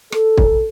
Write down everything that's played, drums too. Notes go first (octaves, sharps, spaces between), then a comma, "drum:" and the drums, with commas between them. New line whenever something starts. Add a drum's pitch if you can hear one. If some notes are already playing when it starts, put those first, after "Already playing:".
A4, drum: rim click
drum: kick